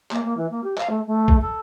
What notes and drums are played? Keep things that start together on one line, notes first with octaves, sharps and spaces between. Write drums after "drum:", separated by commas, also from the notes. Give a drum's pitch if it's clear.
A#3, drum: clap
A#3
E3
A#3
G4
F5, drum: clap
A3
A3
drum: kick
A4